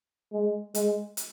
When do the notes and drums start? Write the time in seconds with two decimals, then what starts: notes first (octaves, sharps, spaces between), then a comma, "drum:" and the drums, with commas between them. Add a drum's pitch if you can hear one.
0.33 G#3
0.74 G#3, drum: hi-hat
1.17 drum: hi-hat